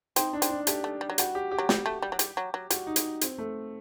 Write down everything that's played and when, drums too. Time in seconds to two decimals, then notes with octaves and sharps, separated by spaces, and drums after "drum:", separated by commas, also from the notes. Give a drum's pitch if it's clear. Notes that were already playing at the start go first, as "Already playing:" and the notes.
0.16 C4 D#4, drum: hi-hat
0.33 D4
0.42 C4, drum: hi-hat
0.50 D4
0.67 A3 G4, drum: hi-hat
0.84 A3
1.01 G3
1.10 F#3
1.18 G3 F#4, drum: hi-hat
1.35 G4
1.51 G4
1.58 F#3
1.69 G3, drum: snare
1.86 A3
2.02 G3
2.12 F#3
2.19 G3, drum: hi-hat
2.37 F#3
2.54 F#3
2.70 G3 F#4, drum: hi-hat
2.87 D#4
2.96 drum: hi-hat
3.21 C4, drum: hi-hat
3.38 A3